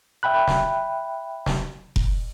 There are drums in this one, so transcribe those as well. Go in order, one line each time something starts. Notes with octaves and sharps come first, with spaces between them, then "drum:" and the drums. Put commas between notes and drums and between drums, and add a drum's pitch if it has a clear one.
E5 G5 B5 F#6
drum: snare
drum: snare
drum: kick F1